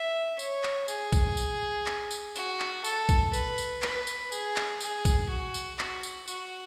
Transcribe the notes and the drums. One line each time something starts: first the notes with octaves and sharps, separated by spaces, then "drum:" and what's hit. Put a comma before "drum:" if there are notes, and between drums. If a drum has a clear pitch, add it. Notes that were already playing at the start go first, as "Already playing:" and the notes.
Already playing: E5
C#5, drum: tambourine
drum: clap
G#4, drum: tambourine
drum: kick A#1, tambourine
drum: tambourine
drum: clap
drum: tambourine
F#4, drum: tambourine
drum: clap
A4, drum: tambourine
drum: kick A#1, tambourine
B4, drum: tambourine
drum: tambourine
B4, drum: clap
drum: tambourine
G#4, drum: tambourine
drum: clap
G#4, drum: tambourine
drum: kick A#1, tambourine
F#4
drum: tambourine
F#4, drum: clap
drum: tambourine
F#4, drum: tambourine